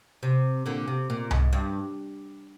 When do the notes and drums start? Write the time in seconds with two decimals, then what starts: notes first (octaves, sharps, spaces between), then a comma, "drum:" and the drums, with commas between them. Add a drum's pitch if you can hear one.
0.23 C3
0.66 A#2 D3
0.88 C3
1.10 A#2
1.31 G#2, drum: tom C2
1.53 G2